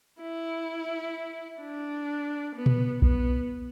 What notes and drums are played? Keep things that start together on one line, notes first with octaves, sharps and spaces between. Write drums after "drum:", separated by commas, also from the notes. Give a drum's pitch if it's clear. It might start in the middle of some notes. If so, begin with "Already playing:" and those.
E4
D4
B3
drum: tom A#2
B3, drum: kick B1